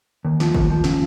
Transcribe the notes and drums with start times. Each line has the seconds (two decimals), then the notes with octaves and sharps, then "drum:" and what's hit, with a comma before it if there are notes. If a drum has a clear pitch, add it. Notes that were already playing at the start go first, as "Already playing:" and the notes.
0.25 D#2
0.40 F3, drum: snare
0.54 D#2, drum: kick
0.70 F3
0.84 C#3, drum: snare